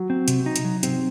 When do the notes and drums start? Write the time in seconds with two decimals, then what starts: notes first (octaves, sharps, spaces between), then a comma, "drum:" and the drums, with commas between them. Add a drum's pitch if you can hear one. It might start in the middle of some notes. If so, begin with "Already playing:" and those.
Already playing: F#3
0.10 C4
0.28 C3, drum: hi-hat
0.46 D#4
0.56 drum: hi-hat
0.65 F#3
0.83 C3 C4, drum: hi-hat